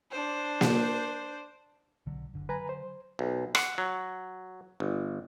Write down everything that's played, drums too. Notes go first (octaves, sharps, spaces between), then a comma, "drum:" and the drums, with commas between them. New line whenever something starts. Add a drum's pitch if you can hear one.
D4 C5
drum: snare A#3
B1 D3 F#3
F#1 D3
D3 F#3 B4 G#5 A#5
C5
B1
F#5, drum: rim click
F#3
G1